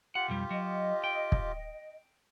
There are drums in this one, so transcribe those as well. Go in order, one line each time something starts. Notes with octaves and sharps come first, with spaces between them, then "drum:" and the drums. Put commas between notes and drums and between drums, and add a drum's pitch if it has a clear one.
F4 G4 F#5
B1 F2 G3
F#3 D#5
G5
drum: kick